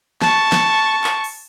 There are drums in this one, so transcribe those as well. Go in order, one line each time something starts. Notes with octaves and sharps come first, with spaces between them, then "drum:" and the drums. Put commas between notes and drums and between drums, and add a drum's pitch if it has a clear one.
A5 C#6, drum: snare
drum: snare
drum: clap
drum: open hi-hat